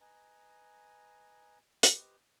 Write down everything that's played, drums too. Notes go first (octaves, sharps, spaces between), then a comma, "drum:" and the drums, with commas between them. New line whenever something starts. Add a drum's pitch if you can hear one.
B4 D#5 G#5 A#5
G4 B4 C5 D#5, drum: hi-hat